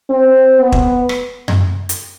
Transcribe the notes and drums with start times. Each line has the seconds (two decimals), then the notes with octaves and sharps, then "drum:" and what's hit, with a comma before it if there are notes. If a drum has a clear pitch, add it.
0.10 C4
0.60 B3
0.72 drum: kick
1.09 drum: rim click
1.48 drum: tom F#2
1.89 drum: hi-hat